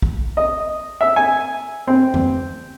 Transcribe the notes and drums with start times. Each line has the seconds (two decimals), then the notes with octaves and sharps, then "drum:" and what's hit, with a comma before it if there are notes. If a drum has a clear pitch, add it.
0.02 drum: kick
0.37 D#5
1.01 E5
1.16 G#5
1.87 C4
2.14 drum: tom F2